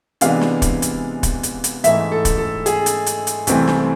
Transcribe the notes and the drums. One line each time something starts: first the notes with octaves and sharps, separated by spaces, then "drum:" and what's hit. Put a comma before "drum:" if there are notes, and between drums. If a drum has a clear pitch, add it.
C3 E3 G#3 B3 D4 F5, drum: hi-hat
drum: snare
drum: kick, hi-hat
drum: hi-hat
drum: kick, hi-hat
drum: hi-hat
drum: hi-hat
G#2 E3 A3 E5, drum: hi-hat
A4
drum: kick, hi-hat
A4
G#4, drum: hi-hat
drum: hi-hat
drum: hi-hat
drum: hi-hat
C2 C3 E3 A3 C4, drum: hi-hat
drum: snare